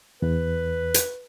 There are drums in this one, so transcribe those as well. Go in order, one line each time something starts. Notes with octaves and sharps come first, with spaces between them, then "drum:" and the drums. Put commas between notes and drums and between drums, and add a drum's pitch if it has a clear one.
E2 B4
drum: hi-hat